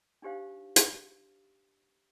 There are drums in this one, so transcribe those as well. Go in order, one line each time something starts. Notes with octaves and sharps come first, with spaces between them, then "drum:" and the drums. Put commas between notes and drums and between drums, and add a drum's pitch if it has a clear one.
D4 D#4 G4 C5 F5
drum: hi-hat